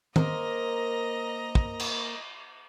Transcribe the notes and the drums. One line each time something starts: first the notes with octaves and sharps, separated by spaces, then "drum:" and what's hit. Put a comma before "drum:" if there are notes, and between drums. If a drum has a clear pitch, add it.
A#3 A#4 C5 D#5 A#5, drum: tom D#3
drum: kick
drum: cymbal